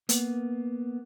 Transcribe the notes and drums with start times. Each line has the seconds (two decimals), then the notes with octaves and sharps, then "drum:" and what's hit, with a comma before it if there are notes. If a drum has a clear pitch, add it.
0.09 A#3 B3, drum: hi-hat